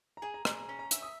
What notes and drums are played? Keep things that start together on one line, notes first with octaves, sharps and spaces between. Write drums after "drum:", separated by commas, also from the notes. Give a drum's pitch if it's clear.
A#5
G#4 G#5
A#5
G#4 A#5, drum: rim click
A#5
C#4 A#5
A#5
E5 E6, drum: hi-hat
D#6